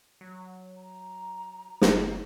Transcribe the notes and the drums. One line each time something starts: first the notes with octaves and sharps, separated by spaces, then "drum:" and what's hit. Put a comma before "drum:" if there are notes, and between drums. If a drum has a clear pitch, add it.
F#3
A#5
F#1, drum: snare